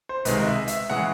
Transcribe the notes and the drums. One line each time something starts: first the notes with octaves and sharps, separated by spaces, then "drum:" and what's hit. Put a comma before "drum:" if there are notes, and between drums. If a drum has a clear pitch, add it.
C5
C#2 C3 D#3 G#3 B4, drum: hi-hat
D#5
E5
E5, drum: hi-hat
C#3 E3 G#3 C#4 F#5